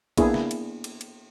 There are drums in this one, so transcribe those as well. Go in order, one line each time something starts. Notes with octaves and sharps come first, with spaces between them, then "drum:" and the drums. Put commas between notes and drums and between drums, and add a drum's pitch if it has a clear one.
A#3 B3 D4 E4 G#4, drum: kick A#1, cymbal
drum: snare
drum: cymbal
drum: cymbal
drum: cymbal